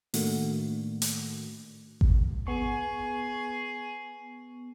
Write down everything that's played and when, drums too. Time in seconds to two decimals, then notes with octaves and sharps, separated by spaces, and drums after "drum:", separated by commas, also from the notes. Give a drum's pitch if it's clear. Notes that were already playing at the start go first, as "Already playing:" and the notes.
0.14 A2 D#3 A3 A#3 D4 F#4, drum: open hi-hat
1.02 drum: hi-hat
2.01 drum: kick G#1
2.47 B3 G#4 C#6